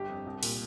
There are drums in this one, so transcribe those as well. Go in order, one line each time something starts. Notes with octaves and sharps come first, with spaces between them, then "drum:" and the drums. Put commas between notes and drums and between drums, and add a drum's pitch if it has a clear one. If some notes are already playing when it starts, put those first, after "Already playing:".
Already playing: G1 G4
F2
C2
A#2, drum: open hi-hat